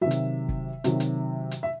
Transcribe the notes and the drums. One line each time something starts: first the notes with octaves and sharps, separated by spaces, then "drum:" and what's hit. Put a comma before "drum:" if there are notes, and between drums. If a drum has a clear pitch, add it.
C3 D#3 F#3 E5
drum: hi-hat
drum: kick
C3 D#3 F#3, drum: hi-hat
drum: hi-hat
drum: hi-hat
E5